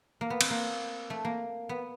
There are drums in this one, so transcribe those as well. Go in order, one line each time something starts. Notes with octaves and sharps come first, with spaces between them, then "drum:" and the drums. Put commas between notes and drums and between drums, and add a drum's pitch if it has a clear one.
A#3
B3
C4, drum: cymbal
A#3
A3
A#3
B3